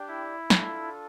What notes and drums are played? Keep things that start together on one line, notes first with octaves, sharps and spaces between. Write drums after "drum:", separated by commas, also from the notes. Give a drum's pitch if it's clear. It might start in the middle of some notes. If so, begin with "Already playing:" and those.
Already playing: D4 G4 D5 G5
E4
D4 F4 A4, drum: snare